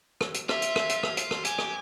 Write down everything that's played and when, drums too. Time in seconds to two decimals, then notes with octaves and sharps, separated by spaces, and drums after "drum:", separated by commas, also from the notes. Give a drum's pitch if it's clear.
0.21 drum: rim click
0.34 drum: hi-hat
0.49 F4 E5, drum: rim click
0.62 drum: hi-hat
0.76 drum: rim click
0.89 drum: hi-hat
1.03 drum: rim click
1.17 drum: hi-hat
1.31 drum: rim click
1.45 G4 G#5, drum: hi-hat
1.58 drum: rim click